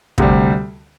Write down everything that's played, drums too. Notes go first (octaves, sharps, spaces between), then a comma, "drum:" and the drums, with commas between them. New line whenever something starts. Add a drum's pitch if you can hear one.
D2 C3 G3, drum: kick